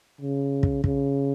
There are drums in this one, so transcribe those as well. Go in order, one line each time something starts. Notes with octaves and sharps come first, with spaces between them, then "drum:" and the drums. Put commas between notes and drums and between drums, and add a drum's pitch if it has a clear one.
C#3
drum: kick
C#3, drum: kick